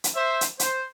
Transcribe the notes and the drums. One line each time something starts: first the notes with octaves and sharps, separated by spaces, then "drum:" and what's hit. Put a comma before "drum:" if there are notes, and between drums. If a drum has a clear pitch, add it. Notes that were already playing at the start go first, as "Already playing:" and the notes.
drum: hi-hat
C5 E5
drum: hi-hat
C5, drum: hi-hat